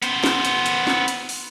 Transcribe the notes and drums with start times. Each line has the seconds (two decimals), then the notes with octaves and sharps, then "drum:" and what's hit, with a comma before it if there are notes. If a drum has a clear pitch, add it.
0.02 B3 C5, drum: hi-hat
0.24 drum: snare
0.45 drum: hi-hat
0.66 drum: hi-hat
0.87 drum: snare
1.08 drum: hi-hat
1.29 drum: open hi-hat